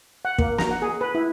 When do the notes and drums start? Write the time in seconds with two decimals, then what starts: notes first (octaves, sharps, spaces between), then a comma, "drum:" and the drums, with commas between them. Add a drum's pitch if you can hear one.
0.25 F#5
0.39 A#3, drum: kick
0.58 A#5, drum: snare
0.71 F#5
0.82 G#4
1.01 B4
1.15 E4